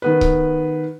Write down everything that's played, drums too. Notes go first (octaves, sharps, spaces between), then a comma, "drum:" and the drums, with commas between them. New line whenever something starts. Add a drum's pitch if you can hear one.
D#3 B3 B4
drum: kick C#1